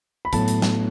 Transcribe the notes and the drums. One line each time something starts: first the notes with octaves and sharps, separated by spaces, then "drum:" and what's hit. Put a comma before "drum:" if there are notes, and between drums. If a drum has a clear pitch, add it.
B5
A2 F#3 B3 A5, drum: kick, hi-hat
drum: hi-hat
drum: snare